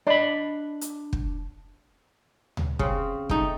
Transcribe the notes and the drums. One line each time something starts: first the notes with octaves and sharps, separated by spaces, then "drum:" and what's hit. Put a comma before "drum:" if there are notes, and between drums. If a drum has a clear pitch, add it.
D4 D5 D#5 B5
drum: hi-hat
drum: kick
drum: tom D2
C#3 C4, drum: kick
A3 D#4 G5, drum: kick